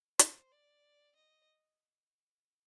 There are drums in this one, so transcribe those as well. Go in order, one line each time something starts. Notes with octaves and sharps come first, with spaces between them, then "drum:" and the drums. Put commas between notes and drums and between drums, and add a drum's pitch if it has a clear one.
C5, drum: hi-hat
D5
D#5